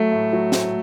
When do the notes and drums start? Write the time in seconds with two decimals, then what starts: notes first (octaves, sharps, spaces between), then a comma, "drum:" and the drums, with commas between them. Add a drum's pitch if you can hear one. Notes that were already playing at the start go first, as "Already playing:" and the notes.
Already playing: F#3 A3
0.12 A2
0.33 F#3
0.52 A2, drum: snare